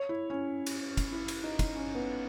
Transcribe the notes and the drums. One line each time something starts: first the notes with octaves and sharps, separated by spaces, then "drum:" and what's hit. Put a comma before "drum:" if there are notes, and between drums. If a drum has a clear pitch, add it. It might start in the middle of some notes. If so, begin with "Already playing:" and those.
Already playing: C#5
E4
C#4
drum: cymbal
drum: kick, cymbal
E4
drum: cymbal
D#4
drum: kick, cymbal
C#4
B3